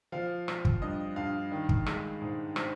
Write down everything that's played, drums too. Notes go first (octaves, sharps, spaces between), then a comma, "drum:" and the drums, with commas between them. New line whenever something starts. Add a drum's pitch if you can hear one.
F3 F5
C4, drum: rim click
drum: kick
G2 D#5
G2 F5
D#3
drum: kick
G#3, drum: rim click
G#2
C4, drum: rim click